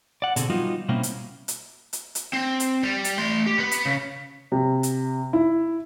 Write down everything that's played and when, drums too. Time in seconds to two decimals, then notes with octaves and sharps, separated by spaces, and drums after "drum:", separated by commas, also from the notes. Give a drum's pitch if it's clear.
0.22 D5 F#5
0.36 B2 D3 C4 G#4 A4, drum: hi-hat
0.50 F#3 G3 B3 D#4 F4 F#4
0.88 B2 G3 A#3 C4 C#4 E4
1.03 drum: hi-hat
1.48 drum: hi-hat
1.93 drum: hi-hat
2.15 drum: hi-hat
2.33 C4
2.60 drum: hi-hat
2.83 G3
3.04 drum: hi-hat
3.18 A3 C6
3.46 G4
3.58 B3 B4
3.71 drum: hi-hat
3.85 C#3
4.52 C3
4.83 drum: hi-hat
5.33 E4